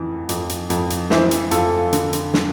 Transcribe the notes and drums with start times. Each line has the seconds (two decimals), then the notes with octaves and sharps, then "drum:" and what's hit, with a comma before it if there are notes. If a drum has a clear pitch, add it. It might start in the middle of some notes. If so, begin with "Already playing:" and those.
Already playing: F2 E3
0.29 F2, drum: hi-hat
0.49 drum: hi-hat
0.70 F2, drum: hi-hat
0.90 drum: hi-hat
1.10 E3 C5 E5, drum: snare
1.31 drum: hi-hat
1.51 F2 F4 A4, drum: hi-hat
1.93 D3, drum: hi-hat
2.13 drum: hi-hat
2.34 D3, drum: snare